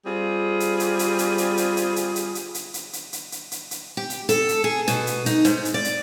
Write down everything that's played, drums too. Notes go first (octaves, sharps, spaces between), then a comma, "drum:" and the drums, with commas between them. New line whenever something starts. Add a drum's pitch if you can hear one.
G3 C4 F4 G#4
drum: hi-hat
drum: hi-hat
drum: hi-hat
drum: hi-hat
drum: hi-hat
drum: hi-hat
drum: hi-hat
drum: hi-hat
drum: hi-hat
drum: hi-hat
drum: hi-hat
drum: hi-hat
drum: hi-hat
drum: hi-hat
drum: hi-hat
drum: hi-hat
drum: hi-hat
G4
drum: hi-hat
A4, drum: hi-hat
drum: hi-hat
G#4
B2, drum: hi-hat
drum: hi-hat
D#4, drum: hi-hat
G#2, drum: hi-hat
drum: hi-hat
D5
drum: hi-hat